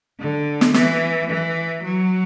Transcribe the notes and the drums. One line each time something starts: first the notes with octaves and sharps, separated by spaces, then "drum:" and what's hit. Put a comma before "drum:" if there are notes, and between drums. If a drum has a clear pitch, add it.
D3
drum: snare
E3, drum: snare
E3
F#3